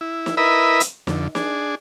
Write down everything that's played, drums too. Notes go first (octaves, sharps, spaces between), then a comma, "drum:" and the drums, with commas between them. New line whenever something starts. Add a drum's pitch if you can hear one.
E4
drum: snare
E4 A#4 B4 D#5 E5 B5
drum: hi-hat
F2 D3, drum: snare
D4 G#4, drum: snare